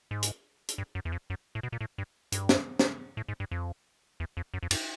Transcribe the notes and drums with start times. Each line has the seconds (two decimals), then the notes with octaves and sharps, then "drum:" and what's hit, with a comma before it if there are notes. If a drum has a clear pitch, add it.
0.11 G#2
0.23 drum: hi-hat
0.69 drum: hi-hat
0.78 G2
0.95 F#2
1.05 E2
1.12 F2
1.30 F#2
1.55 A2
1.63 B2
1.72 A#2
1.81 A2
1.98 G2
2.32 G2, drum: hi-hat
2.49 drum: snare
2.79 drum: snare
3.17 A2
3.28 G#2
3.40 G2
3.51 F2
4.20 E2
4.37 F2
4.54 F#2
4.63 F2
4.71 F#2, drum: cymbal